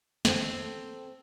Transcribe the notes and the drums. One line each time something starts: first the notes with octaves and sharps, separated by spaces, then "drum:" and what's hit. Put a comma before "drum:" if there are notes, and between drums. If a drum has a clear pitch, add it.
C4 A4, drum: snare